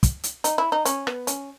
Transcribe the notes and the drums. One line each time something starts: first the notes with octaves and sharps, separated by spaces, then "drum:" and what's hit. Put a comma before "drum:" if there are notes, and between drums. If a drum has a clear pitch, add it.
drum: kick, hi-hat
drum: hi-hat
D#4, drum: hi-hat
E4
D#4
C#4, drum: hi-hat
B3, drum: rim click
C#4, drum: hi-hat